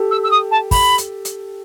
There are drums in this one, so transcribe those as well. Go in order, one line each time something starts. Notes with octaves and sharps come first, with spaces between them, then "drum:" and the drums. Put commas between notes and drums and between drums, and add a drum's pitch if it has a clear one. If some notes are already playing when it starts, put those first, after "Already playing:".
Already playing: G4 A4
E6
E6
D#6
A5
B5, drum: kick, open hi-hat
drum: hi-hat
drum: hi-hat